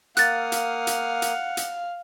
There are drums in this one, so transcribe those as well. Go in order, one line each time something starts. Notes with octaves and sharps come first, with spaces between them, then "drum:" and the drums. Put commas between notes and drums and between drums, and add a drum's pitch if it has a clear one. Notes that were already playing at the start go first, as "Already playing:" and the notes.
A#3 F5 F#5 D#6 F#6 A6, drum: hi-hat
drum: hi-hat
drum: hi-hat
drum: hi-hat
drum: hi-hat